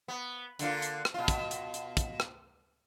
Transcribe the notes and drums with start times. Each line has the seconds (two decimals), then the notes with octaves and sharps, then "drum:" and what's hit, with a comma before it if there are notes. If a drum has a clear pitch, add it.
0.08 B3
0.59 D3 A#3 F4, drum: hi-hat
0.82 drum: hi-hat
1.05 drum: rim click
1.14 B2 F4
1.28 drum: kick, hi-hat
1.51 drum: hi-hat
1.74 drum: hi-hat
1.97 drum: kick, hi-hat
2.20 drum: rim click